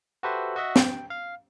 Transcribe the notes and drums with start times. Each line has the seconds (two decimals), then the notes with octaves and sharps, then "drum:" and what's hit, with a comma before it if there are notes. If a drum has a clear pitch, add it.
0.23 F#4 G4 A4 B4 C5 E5
0.56 F#4 D#5 E5 F#5
0.76 G5, drum: snare
1.10 F5